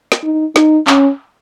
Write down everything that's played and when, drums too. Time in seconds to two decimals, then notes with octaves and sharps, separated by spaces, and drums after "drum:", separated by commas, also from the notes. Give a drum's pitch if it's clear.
0.12 drum: snare
0.23 D#4
0.56 D#4, drum: snare
0.87 C#4, drum: clap